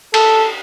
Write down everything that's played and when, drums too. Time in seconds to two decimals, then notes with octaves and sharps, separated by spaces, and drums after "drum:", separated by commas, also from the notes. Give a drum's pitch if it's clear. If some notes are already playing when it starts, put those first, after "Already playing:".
0.14 A4, drum: cymbal